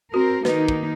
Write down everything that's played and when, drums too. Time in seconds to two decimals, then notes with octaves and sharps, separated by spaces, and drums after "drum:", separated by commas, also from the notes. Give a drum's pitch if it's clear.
0.14 C4 F#4 A#4
0.45 D#3 A#3 D#4 B4, drum: snare
0.68 drum: kick